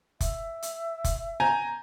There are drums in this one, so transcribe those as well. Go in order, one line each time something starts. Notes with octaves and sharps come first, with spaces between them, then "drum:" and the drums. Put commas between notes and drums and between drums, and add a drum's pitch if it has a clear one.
E5, drum: kick F1, hi-hat
drum: hi-hat
drum: kick F1, hi-hat
G#5 A#5 G6